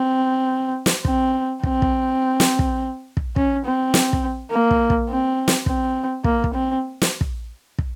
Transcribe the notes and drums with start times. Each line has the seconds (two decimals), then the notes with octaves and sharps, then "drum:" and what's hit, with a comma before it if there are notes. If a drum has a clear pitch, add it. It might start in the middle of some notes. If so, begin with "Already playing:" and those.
Already playing: C4
0.86 drum: snare
1.05 C4, drum: kick
1.63 C4, drum: kick
1.82 drum: kick
2.40 drum: snare
2.59 drum: kick
3.17 drum: kick
3.36 C#4, drum: kick
3.65 C4
3.94 drum: snare
4.13 drum: kick
4.51 A#3
4.71 drum: kick
4.90 drum: kick
5.09 C4
5.48 drum: snare
5.66 C4, drum: kick
6.24 A#3, drum: kick
6.44 drum: kick
6.54 C4
7.02 drum: snare
7.21 drum: kick
7.78 drum: kick